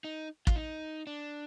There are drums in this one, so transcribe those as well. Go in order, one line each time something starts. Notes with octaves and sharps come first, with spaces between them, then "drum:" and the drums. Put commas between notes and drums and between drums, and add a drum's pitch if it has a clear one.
D#4
F4, drum: kick
D#4
D4